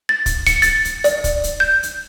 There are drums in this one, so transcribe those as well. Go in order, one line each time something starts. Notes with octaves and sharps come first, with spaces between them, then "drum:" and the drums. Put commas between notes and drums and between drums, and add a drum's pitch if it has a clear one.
A6
drum: kick, hi-hat
C#7, drum: kick, hi-hat
A6, drum: hi-hat
drum: hi-hat
D5, drum: hi-hat
drum: kick, hi-hat
drum: hi-hat
G6
drum: hi-hat